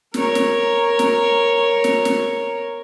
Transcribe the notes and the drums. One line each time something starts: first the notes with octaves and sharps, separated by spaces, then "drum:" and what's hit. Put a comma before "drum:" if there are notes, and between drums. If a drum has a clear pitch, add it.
A#4 C#5, drum: snare
drum: snare
drum: snare
drum: snare
drum: snare